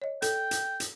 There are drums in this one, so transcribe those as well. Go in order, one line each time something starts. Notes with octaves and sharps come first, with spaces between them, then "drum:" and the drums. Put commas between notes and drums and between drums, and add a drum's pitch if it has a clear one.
C#5 D#5
A4 G5, drum: hi-hat
drum: hi-hat
drum: hi-hat